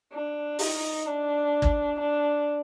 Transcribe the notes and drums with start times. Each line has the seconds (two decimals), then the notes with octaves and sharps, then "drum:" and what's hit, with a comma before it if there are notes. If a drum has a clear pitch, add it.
0.13 D4
0.59 D#4, drum: open hi-hat
1.06 D4
1.62 drum: kick
2.00 D4